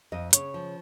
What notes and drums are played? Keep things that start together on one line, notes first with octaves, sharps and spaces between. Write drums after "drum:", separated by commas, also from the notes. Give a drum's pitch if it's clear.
F2 D#5
C#3 C#5, drum: hi-hat
F3